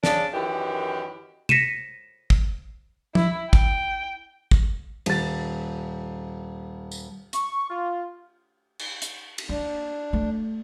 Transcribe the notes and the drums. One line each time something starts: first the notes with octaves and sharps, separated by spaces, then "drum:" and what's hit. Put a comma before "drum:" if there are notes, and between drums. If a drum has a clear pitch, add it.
C#3 D4, drum: snare
F#2 D#3 E3 G4
A#6 B6 C#7 D#7 E7, drum: tom
drum: kick
E4, drum: tom F3
G5, drum: kick
drum: kick
D#1 A6, drum: cymbal
drum: tambourine
C#6, drum: hi-hat
F4
drum: cymbal
drum: hi-hat
drum: cymbal
A#3 D4
A3